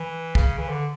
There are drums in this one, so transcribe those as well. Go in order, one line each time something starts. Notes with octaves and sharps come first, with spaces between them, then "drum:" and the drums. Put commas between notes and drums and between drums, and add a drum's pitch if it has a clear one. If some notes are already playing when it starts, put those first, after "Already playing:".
Already playing: E3
C#3, drum: kick
E3
D3